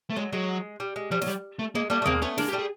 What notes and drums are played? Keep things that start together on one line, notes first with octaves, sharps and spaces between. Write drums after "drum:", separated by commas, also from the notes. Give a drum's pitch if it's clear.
A3
F#3 G#3
F#3 G#3
G3
G#3
F3 G3
F#3, drum: snare
G3
A3
G#3 A#3
G3 A3 A#3
A3
G#3 A#3 C4, drum: tom D#2
A3 B3 C#4
G#3 A#3 D4, drum: snare
G4
G3 A3
G#4